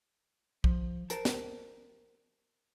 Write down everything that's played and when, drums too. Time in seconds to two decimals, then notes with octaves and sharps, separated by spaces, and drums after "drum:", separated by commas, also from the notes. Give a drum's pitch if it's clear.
0.64 F3, drum: kick
1.10 A#4 C5 A5, drum: hi-hat
1.25 drum: snare